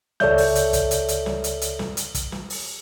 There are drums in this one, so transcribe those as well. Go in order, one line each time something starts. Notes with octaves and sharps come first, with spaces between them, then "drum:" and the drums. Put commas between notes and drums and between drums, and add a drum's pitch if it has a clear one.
C#2 A4 C#5 D5 E5 G6, drum: snare
drum: open hi-hat
drum: hi-hat
drum: kick, hi-hat
drum: hi-hat
drum: hi-hat
drum: snare
drum: hi-hat
drum: hi-hat
drum: snare
drum: hi-hat
drum: kick, hi-hat
drum: snare
drum: open hi-hat